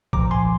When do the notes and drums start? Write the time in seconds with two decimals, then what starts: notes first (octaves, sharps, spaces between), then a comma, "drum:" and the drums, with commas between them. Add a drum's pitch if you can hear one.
0.13 C2 A#2 F3 A#5 D6, drum: kick G#1
0.31 G#5 C6